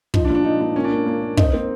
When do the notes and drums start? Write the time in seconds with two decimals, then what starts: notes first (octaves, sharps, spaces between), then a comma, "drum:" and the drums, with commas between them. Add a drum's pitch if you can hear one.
0.14 F3 D#4, drum: kick
0.24 D4
0.30 A#2
0.35 D4
0.44 F3 D#4
0.60 A#2 D4
0.76 A#3 C#4
0.84 D4
0.92 A#3 C#4
1.06 A#3
1.22 A#3
1.37 C4 D#4, drum: kick
1.53 A#3 C4